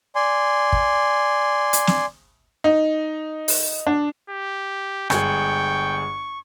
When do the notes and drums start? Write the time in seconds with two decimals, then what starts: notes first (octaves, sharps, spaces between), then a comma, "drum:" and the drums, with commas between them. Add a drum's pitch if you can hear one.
0.15 D5 G#5 C6
0.73 drum: kick
1.73 drum: hi-hat
1.87 drum: snare
2.64 D#4
3.48 drum: open hi-hat
3.87 D4
4.30 G4
5.10 G1 G#3 G#4 G5 C#6, drum: rim click